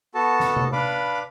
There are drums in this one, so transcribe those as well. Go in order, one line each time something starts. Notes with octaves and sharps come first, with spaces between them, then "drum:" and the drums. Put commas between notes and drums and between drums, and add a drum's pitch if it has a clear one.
B3 F#4 A4 A5
drum: snare
drum: tom C3
D4 B4 F5 B5 D6